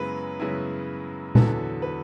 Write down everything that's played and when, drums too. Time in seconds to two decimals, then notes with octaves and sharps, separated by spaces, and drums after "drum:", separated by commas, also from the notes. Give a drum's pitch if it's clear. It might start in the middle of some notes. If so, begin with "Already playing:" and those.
Already playing: F#2 C#3 G#3 B3 E4 B4
0.40 F#2 C#3 G#3 B3 E4
1.35 E2 D3 F#3 B3 E4 A4, drum: tom A#2
1.82 B4